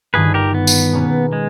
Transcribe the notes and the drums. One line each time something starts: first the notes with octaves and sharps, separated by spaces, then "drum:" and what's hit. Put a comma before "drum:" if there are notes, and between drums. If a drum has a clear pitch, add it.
G1 G2 D#3 G#4 B4
G4 A#4
B3
drum: tambourine
B2 A#3 C#4 G#4 B4
G#3